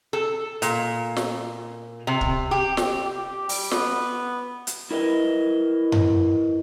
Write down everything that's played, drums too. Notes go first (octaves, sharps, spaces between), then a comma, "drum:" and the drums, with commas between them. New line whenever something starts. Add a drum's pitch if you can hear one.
A4
A#2, drum: hi-hat
drum: snare
C3
drum: kick
G4
drum: snare
G4
G3, drum: open hi-hat
B3, drum: snare
drum: hi-hat
E4 A#4 B4 D#5
drum: tom F#2